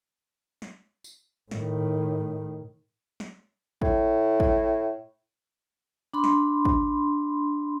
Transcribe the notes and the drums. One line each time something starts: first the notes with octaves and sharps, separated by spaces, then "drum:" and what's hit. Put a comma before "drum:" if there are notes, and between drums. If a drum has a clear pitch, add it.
drum: snare
drum: tambourine
A2 D#3, drum: snare
drum: snare
A2, drum: kick
drum: kick
D4 B5 C6
drum: snare
drum: kick